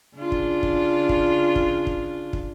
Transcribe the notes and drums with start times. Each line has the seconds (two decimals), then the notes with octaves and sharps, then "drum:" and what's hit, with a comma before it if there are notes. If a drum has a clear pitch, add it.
0.16 C#3 D4 F4
0.32 drum: kick
0.63 drum: kick
1.09 drum: kick
1.56 drum: kick
1.87 drum: kick
2.33 drum: kick